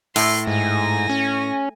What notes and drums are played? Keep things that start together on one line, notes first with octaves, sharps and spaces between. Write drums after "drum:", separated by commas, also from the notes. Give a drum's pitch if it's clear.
A2 C6, drum: open hi-hat
G#2 G#5 A#6
C#4